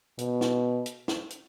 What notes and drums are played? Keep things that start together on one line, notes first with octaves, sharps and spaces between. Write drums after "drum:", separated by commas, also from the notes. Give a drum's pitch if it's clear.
B2, drum: hi-hat
drum: snare
drum: hi-hat
drum: snare
drum: hi-hat